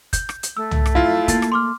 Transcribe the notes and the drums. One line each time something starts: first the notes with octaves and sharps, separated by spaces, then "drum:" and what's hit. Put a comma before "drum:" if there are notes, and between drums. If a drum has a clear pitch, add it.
G6, drum: kick, hi-hat
drum: rim click
drum: hi-hat
A3 E6
drum: tom
drum: rim click
F2 F#3 E4 F4 F5
A#3 A5 A6, drum: kick, hi-hat
drum: rim click
C6 D6 F6